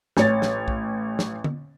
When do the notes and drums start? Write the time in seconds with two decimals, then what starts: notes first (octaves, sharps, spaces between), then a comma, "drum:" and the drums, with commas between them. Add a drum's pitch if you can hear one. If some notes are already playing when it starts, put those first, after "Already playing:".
0.17 A1 C#5 A6, drum: snare
0.42 drum: snare
0.68 drum: kick A#1
1.19 drum: snare
1.44 drum: tom D3